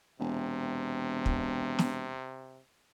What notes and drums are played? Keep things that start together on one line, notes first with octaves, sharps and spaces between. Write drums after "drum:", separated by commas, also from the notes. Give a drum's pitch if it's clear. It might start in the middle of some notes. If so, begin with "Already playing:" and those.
E1 C3
drum: kick
drum: snare